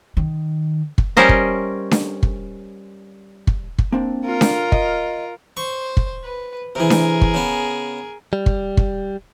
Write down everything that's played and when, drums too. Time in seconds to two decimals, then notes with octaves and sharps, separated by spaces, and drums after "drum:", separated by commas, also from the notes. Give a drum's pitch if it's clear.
0.17 D#3
0.98 drum: kick
1.17 G3 C#4 A#4 C5 D#5
1.29 drum: kick
1.91 drum: snare D4
2.23 drum: kick
3.47 drum: kick
3.78 drum: kick
3.92 A#3 C4 D4
4.25 F4 A#4
4.41 drum: snare D4
4.72 D#5, drum: kick
5.57 C5 C#6
5.97 drum: kick
6.23 B4
6.75 C3 E3 G#4 A#4
6.90 drum: snare D4
7.21 drum: kick
7.34 C#3 B3
8.33 G3
8.46 drum: kick
8.77 drum: kick